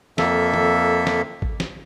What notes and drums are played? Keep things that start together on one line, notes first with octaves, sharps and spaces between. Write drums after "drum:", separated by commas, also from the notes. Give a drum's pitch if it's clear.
F2 A#3 A4 E5, drum: snare
drum: tom
drum: snare
drum: kick
drum: snare